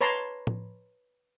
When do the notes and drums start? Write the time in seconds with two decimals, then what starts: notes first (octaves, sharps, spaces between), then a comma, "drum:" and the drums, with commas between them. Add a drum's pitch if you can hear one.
0.01 B4 C#5 A5 A#5 C6
0.47 drum: tom